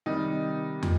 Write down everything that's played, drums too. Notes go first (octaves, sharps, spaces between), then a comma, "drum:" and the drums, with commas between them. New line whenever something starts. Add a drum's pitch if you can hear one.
C3 D#3 G3 D#4
A#2, drum: tom